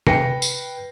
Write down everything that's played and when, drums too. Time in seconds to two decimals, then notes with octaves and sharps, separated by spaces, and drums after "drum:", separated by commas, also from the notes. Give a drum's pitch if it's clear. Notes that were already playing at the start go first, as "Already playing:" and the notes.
0.07 B4 G5 A#6 C7 C#7, drum: tom
0.42 drum: tambourine